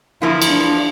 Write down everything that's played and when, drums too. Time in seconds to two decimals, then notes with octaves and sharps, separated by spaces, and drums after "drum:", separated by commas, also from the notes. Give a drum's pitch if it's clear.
0.22 E2 D3 F3 A#3 E4 F4
0.42 drum: cymbal
0.51 D4